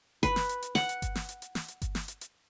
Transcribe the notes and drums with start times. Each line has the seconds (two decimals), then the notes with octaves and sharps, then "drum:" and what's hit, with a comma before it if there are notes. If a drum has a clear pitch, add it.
0.23 B4, drum: kick G1, hi-hat
0.36 drum: snare
0.49 drum: hi-hat
0.62 drum: hi-hat
0.75 F#5, drum: snare
0.89 drum: hi-hat
1.02 drum: kick G1, hi-hat
1.15 drum: snare
1.29 drum: hi-hat
1.42 drum: hi-hat
1.55 drum: snare
1.68 drum: hi-hat
1.82 drum: kick G1, hi-hat
1.95 drum: snare
2.08 drum: hi-hat
2.21 drum: hi-hat